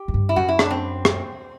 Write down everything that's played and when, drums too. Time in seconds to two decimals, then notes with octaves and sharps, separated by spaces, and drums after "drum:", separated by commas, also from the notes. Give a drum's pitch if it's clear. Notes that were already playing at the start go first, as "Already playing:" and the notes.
Already playing: G4
0.08 F#2
0.14 G2
0.29 E4
0.36 F#2 F#4
0.49 E4
0.59 D4, drum: rim click
0.70 C4
1.05 drum: rim click